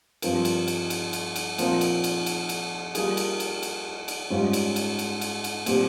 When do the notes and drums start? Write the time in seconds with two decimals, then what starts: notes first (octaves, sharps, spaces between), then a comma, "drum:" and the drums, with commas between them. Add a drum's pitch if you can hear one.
0.22 G2 F3 C4 F4 A#4, drum: cymbal
0.45 drum: cymbal
0.68 drum: cymbal
0.90 drum: cymbal
1.13 drum: cymbal
1.36 drum: cymbal
1.58 A#2 F3 C4 F4 A#4, drum: cymbal
1.81 drum: cymbal
2.04 drum: cymbal
2.26 drum: cymbal
2.49 drum: cymbal
2.95 G3 A#3 F4 G#4, drum: cymbal
3.17 drum: cymbal
3.40 drum: cymbal
3.63 drum: cymbal
4.08 drum: cymbal
4.30 G#2 G3 C#4 F4
4.53 drum: cymbal
4.76 drum: cymbal
4.99 drum: cymbal
5.21 drum: cymbal
5.44 drum: cymbal
5.66 A#2 G3 C4 G4, drum: cymbal